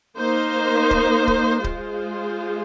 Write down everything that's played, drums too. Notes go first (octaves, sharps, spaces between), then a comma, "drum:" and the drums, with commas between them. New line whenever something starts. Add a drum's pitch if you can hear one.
A#3 D#4 C5
drum: kick C#1
drum: kick C#1
G#3 F4 G#4 C5, drum: kick C#1